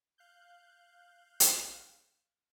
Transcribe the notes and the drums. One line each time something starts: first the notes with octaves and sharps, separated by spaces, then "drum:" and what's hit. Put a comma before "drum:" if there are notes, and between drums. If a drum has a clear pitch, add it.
F5 F#6 G6
drum: hi-hat